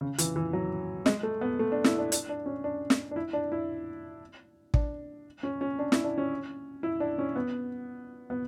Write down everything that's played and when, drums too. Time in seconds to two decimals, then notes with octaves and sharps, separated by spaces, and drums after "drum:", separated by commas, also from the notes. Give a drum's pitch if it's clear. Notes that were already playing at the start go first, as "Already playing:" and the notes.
0.01 C#3
0.18 E3, drum: hi-hat
0.36 E3
0.53 F#3
1.06 G#3, drum: snare
1.23 A3
1.41 B3
1.59 A3
1.72 D4
1.84 E4, drum: snare
1.98 D4
2.12 D4, drum: hi-hat
2.29 D4
2.46 C#4
2.64 D4
2.90 drum: snare
3.11 D4
3.16 E4
3.33 D4
3.52 E4
4.74 D4, drum: kick
5.43 C#4
5.61 C#4
5.79 D4
5.92 E4, drum: snare
6.04 D4
6.18 C#4
6.83 E4
7.00 D4
7.18 C#4
7.36 B3
8.30 B3